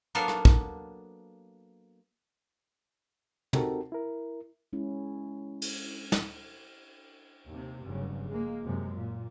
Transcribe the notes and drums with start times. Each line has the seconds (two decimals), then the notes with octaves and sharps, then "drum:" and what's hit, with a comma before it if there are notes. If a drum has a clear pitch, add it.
0.15 F#3 A#3 B3 D4 A4 F5
0.28 drum: rim click
0.45 drum: kick
3.53 C4 D#4 F#4 G4 A4 A#4, drum: tom
3.92 E4 A#4
4.73 G#3 C#4 E4
5.62 drum: cymbal
6.12 drum: snare
7.47 D#2 C3
7.83 F1 G2 C#3 F#3
8.28 G#3 A#3
8.62 F#2 C3 G#3
8.96 A#2